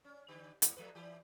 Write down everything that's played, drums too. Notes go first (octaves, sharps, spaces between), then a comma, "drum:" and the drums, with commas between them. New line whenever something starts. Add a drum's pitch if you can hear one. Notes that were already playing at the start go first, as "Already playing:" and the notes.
C#4
D3 G4
G#2 A#3, drum: hi-hat
F3 A3 B4
E3 E4 G4